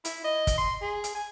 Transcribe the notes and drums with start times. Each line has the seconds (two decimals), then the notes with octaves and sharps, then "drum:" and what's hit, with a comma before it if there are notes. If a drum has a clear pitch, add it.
0.05 E4, drum: hi-hat
0.24 D#5
0.47 drum: kick, hi-hat
0.58 C6
0.82 G#4
1.04 drum: hi-hat
1.15 G#5